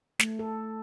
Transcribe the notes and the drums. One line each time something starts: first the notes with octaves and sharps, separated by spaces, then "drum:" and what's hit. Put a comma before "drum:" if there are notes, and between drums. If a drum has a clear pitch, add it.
A3, drum: snare
A4